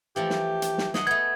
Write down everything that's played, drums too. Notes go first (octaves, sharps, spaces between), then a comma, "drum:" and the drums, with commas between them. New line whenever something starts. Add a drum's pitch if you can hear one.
E3 F3 A3 G4
drum: snare
drum: hi-hat
drum: snare
G#4 D#5 F#5, drum: snare
A3 B3 G#6